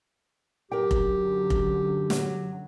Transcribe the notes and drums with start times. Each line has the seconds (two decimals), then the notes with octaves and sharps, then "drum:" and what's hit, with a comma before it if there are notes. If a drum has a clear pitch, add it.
0.72 F#2 D3 G4 A#4 G5
0.91 drum: kick F1
1.50 drum: kick F1
2.10 F#3, drum: snare